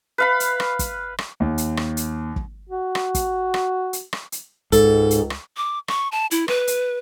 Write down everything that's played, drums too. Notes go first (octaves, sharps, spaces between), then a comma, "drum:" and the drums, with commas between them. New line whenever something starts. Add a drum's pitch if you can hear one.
B4 F5 B5
drum: hi-hat
drum: rim click
drum: kick, hi-hat
drum: rim click
D#2
drum: hi-hat
drum: rim click
drum: hi-hat
drum: kick
F#4
drum: rim click
drum: kick, hi-hat
drum: rim click
drum: hi-hat
drum: rim click
drum: hi-hat
C#2 G#2 A4, drum: kick, hi-hat
drum: hi-hat
drum: rim click
D6
C#6, drum: rim click
A5
E4, drum: hi-hat
B4, drum: rim click
drum: hi-hat